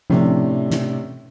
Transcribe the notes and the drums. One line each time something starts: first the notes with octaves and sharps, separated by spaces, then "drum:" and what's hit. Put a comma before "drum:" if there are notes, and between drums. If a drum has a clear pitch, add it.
A2 C3 A3 C#4 D4, drum: tom F3
drum: snare